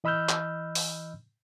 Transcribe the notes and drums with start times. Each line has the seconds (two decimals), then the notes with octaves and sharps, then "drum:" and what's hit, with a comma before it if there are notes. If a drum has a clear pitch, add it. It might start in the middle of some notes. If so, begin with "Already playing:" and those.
0.04 E3 D#5 B5 E6 F6 G6
0.29 drum: clap
0.75 drum: open hi-hat